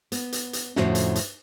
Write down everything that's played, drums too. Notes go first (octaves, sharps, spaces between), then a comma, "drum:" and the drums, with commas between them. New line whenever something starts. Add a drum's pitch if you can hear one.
B3, drum: hi-hat
drum: hi-hat
drum: hi-hat
F2 A2 D3 F3 C#4 F#4, drum: snare
drum: hi-hat
drum: hi-hat